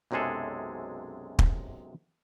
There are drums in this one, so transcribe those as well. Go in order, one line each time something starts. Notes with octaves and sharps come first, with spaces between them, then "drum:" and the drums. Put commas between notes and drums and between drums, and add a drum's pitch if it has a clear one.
B1 F#2 C3 G#3 G#4 A4
drum: kick